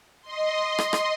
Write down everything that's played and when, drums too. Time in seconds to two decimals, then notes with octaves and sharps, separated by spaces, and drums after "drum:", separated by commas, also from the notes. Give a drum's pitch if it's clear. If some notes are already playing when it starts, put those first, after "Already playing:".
0.21 D#5 C6
0.78 drum: rim click
0.93 drum: rim click